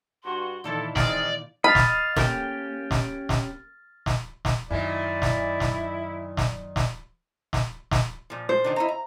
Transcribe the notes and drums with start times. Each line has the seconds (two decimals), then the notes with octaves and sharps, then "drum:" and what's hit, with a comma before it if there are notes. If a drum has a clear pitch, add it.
0.24 G2 F#4 C6
0.64 A#2 D#3 E3 E4 F4 A4
0.96 G#3 C4 D#4 D5 F6, drum: snare
1.64 D#5 F5 B5 F6 A6
1.75 drum: snare
2.17 A#3 C#4 G4 G5, drum: snare
2.91 drum: snare
3.29 drum: snare
4.06 drum: snare
4.45 drum: snare
4.71 F#2 A#2 D#3 E4 D5
5.22 drum: snare
5.60 drum: snare
6.37 drum: snare
6.76 drum: snare
7.53 drum: snare
7.91 drum: snare
8.30 A#2 F3
8.49 C5
8.64 A#2 D#3 D4
8.76 E4 D#5 A#5
8.88 A#5